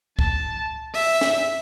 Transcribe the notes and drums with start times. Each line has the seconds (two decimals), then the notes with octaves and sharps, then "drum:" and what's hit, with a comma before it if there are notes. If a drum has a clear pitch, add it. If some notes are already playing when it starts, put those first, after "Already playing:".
0.19 A5, drum: kick
0.94 E5, drum: open hi-hat
1.21 drum: snare